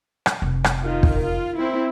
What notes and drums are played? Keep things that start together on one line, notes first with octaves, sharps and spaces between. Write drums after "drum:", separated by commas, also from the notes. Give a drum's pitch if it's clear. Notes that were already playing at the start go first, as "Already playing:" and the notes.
drum: rim click
F1
drum: rim click
D#3 F4
drum: kick
F4
C4 E4